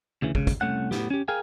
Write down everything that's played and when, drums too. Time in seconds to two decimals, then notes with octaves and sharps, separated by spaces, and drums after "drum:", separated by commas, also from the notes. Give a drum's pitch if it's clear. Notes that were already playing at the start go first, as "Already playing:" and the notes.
0.22 D2 C#3 E3
0.35 C#2 C#3, drum: kick
0.47 drum: kick, hi-hat
0.61 C2 E3 A3 C#4 F#5
0.91 A2 B3 G4, drum: snare
1.10 C#4 G4
1.28 G#4 A#4 F5 G5 G#5